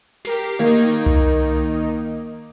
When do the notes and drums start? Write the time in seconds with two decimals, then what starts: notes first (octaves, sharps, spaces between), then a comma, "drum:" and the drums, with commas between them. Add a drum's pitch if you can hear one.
0.25 G4 A#4 C7, drum: snare
0.59 D#3 A#3 D#4
1.06 drum: tom C2